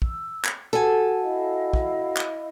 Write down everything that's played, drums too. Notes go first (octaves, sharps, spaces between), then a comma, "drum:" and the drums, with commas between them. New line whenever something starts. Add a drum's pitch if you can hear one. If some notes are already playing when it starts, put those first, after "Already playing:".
E6, drum: kick
drum: clap
F#4 G4 A4 F#5 G#5
E4 D#5 F5
drum: kick
drum: clap